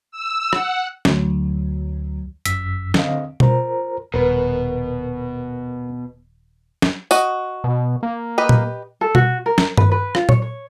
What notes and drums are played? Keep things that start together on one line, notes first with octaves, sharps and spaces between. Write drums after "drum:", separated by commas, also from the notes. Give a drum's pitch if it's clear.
E6
F#5, drum: rim click
D2 F#3, drum: snare
G1 F#2 E6 B6, drum: hi-hat
D3 C4 D#5 F5, drum: snare
F4 A#4 C5 A#5, drum: tom B2
D#1 B2 A#4 B4
drum: snare
F#4 D#5, drum: tambourine
B2
A#3
G4 B4 D#5
drum: tom A#2
A4
F#4, drum: tom B2
A#4
drum: snare
B4, drum: tom G2
B4
F4, drum: rim click
C#5, drum: tom A#2
C#5